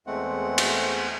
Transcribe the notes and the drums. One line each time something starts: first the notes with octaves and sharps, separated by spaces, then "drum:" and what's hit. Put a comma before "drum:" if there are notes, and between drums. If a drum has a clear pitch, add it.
E2 G#3 A3 C4 F#5
drum: cymbal